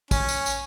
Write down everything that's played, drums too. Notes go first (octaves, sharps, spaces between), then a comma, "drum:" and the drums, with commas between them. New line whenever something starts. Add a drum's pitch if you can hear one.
C#4, drum: kick, tambourine
drum: tambourine
drum: tambourine